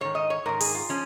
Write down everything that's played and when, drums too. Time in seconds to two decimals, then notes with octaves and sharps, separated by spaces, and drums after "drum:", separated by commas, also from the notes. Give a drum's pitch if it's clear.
0.01 G#2 D#3 C#5
0.15 D#5
0.30 C#5
0.46 G#2 D#3 A#4
0.60 G#4, drum: open hi-hat
0.75 F4
0.89 F3 C#4